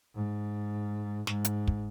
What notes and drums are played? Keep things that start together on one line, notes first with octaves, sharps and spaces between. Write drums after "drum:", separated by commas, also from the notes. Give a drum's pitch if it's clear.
G#2
G#2, drum: snare
drum: hi-hat
drum: kick